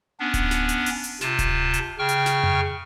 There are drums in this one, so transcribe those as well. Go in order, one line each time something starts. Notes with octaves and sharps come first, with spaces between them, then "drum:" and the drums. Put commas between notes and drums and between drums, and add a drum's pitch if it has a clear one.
B3 C#4 D4
drum: kick D1, hi-hat
drum: snare
drum: hi-hat
drum: open hi-hat
drum: hi-hat
C3 F4 A5, drum: snare
drum: kick D1, hi-hat
drum: hi-hat
C#3 G5 C#6 F6
drum: hi-hat
drum: snare
drum: tom F2